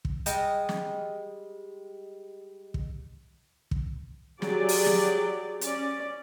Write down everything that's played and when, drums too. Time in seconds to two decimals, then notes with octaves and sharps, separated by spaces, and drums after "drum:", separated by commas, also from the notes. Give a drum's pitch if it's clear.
0.05 drum: kick
0.26 G3 G#3 D#5, drum: hi-hat
0.69 drum: snare
2.74 drum: kick
3.71 drum: kick
4.42 F#3 G4 G#4 D5, drum: snare
4.69 drum: open hi-hat
4.86 drum: snare
5.61 C#4 D5, drum: hi-hat